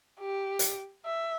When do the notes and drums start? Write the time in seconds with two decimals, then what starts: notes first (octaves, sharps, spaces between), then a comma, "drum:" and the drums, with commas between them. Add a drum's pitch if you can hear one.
0.20 G4
0.59 drum: hi-hat
1.05 E5